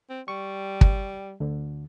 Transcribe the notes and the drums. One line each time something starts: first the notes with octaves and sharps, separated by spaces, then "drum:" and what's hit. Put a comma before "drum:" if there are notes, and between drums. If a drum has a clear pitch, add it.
C4
G3 C#6
drum: kick
D2 D3